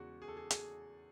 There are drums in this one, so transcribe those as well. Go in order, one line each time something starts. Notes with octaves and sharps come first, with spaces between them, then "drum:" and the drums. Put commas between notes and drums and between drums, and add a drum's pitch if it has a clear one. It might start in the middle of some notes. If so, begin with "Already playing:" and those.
Already playing: E2 C#3 G#3 F#4
G#4
A4
G#4
G#4, drum: hi-hat